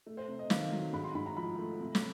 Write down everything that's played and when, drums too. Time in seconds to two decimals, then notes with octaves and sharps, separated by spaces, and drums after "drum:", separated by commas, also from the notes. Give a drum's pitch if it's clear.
0.06 A3
0.17 C5
0.28 C3
0.39 D#5
0.50 D#3 F5, drum: snare
0.72 F#3
0.93 G#2 B5
1.04 C6
1.15 G#2 B5
1.26 A#5
1.37 F3 B5
1.59 A3
1.80 C3
1.95 drum: snare